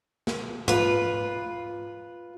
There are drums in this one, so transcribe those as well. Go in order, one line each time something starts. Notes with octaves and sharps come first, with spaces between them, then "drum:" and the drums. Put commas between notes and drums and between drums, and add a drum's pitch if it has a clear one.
drum: snare
F4 B4, drum: tom G#2